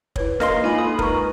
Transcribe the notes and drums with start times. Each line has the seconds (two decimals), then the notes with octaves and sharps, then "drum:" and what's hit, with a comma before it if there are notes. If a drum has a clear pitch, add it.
0.16 E4 B4 C#5, drum: kick
0.40 A#3 A#4 D#5 F5 C6, drum: snare D4
0.64 G#3 D#4 F4 G#5 B5
0.78 A4 D#6
0.99 A#4 B4 A#5 C#6, drum: kick